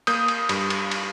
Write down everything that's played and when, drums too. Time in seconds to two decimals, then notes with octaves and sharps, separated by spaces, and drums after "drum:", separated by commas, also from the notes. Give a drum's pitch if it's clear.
0.07 A#3 D#6 G6, drum: cymbal
0.28 drum: cymbal
0.49 G2, drum: cymbal
0.70 drum: cymbal
0.91 drum: cymbal